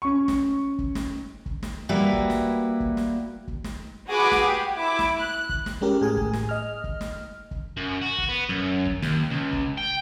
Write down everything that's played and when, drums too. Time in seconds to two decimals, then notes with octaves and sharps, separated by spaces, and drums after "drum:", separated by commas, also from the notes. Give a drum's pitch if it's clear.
0.02 C#4 C#6
0.28 drum: snare
0.78 drum: kick
0.95 drum: snare
1.46 drum: kick
1.63 drum: snare
1.89 G3 A#3 E4 F#4 B4
2.13 drum: kick
2.30 drum: snare
2.80 drum: kick
2.97 drum: snare
3.48 drum: kick
3.64 drum: snare
4.09 F#4 G#4 B4 F#5 B5 D6
4.32 drum: snare
4.41 G4
4.74 E4 D6
4.99 drum: snare
5.18 F#6
5.49 drum: kick
5.66 drum: snare
5.81 G#3 C#4 G4 A#4
6.01 A2 G#4 G#5
6.17 drum: kick
6.33 drum: snare
6.49 D#5 F6
6.84 drum: kick
7.01 drum: snare
7.51 drum: kick
7.77 F#2
8.02 F#4
8.18 drum: kick
8.29 B3
8.49 F#2
8.86 drum: kick
9.02 D#2, drum: snare
9.31 C#2
9.53 drum: kick
9.78 G5